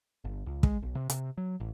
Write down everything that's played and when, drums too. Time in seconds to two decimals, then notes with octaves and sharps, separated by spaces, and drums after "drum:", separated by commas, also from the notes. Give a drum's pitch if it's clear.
0.25 G1
0.46 C#2
0.63 G#3, drum: kick
0.83 B1
0.95 C3
1.10 C3, drum: hi-hat
1.38 F#3
1.60 A1